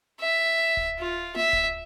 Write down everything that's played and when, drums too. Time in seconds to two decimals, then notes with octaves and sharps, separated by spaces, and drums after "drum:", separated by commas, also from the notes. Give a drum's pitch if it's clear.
0.20 E5
0.77 drum: kick D1
0.99 F4
1.36 E5, drum: tom A#3
1.53 drum: kick D1